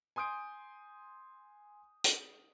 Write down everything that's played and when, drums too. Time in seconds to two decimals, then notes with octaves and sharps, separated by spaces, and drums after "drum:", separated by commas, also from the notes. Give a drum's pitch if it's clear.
0.16 G#5 C6 D#6 G6 D7
2.04 drum: hi-hat